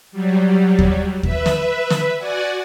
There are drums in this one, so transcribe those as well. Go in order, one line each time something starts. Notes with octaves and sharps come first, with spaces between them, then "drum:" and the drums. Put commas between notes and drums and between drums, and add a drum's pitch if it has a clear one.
F#3 G3
drum: kick D#2
B4 E5, drum: kick D#2
drum: snare
drum: snare
F#4 D5 F#5 G#5